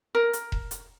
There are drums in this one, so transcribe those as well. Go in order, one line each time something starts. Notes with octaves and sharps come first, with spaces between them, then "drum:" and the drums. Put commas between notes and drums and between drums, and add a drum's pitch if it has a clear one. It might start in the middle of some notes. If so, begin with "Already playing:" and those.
A#4
drum: hi-hat
drum: kick E1
drum: hi-hat